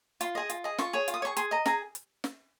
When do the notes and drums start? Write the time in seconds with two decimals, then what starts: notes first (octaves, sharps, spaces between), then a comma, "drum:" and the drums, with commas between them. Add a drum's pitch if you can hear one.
0.21 F4 C6, drum: hi-hat
0.35 G#4 D#5
0.50 F4, drum: hi-hat
0.64 G#4 D#5
0.78 F4 C#6, drum: snare
0.93 G#4 C#5
1.08 F4, drum: hi-hat
1.14 D#6
1.22 C#5
1.25 G#4 C#6
1.37 G#4 C6, drum: hi-hat
1.51 D#5 A#5
1.66 G#4 A#5, drum: snare
1.95 drum: hi-hat
2.24 drum: snare